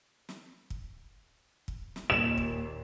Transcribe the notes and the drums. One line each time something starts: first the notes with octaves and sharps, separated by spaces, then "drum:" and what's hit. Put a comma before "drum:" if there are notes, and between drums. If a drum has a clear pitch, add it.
drum: snare
drum: kick
drum: kick
drum: snare
D#2 A#2 E7
drum: kick